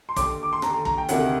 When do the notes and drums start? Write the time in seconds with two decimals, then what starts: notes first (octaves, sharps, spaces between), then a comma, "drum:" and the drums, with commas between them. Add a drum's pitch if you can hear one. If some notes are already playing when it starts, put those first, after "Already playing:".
0.09 C6
0.16 D#2 D3 D6, drum: kick, hi-hat
0.43 D6
0.53 C6
0.62 D#2 D3 A#5, drum: rim click
0.74 A#5
0.85 A#5, drum: kick
0.98 G5
1.09 D2 C3 D#3 F#5, drum: hi-hat